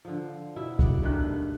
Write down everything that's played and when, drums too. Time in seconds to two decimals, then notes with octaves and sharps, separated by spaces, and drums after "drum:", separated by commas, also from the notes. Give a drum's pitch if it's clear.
0.05 D3 F3
0.56 B2 E4 E5
0.79 D5 F#5, drum: kick
1.03 G2 D#3 A3 F#6